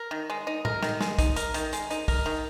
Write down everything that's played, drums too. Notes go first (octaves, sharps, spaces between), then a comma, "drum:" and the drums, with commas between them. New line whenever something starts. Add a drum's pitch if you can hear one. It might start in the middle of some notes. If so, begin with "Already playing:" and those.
Already playing: A#4
D#3
G#3
D#4
A#4, drum: tom A2
D#3, drum: snare
G#3, drum: snare
D#4, drum: kick, hi-hat
A#4, drum: hi-hat
D#3, drum: hi-hat
G#3, drum: hi-hat
D#4, drum: hi-hat
A#4, drum: kick, open hi-hat
D#3